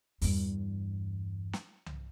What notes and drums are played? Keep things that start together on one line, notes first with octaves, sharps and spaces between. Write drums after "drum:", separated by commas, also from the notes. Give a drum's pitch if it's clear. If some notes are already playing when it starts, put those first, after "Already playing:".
E2 G2, drum: open hi-hat
drum: snare
drum: tom C2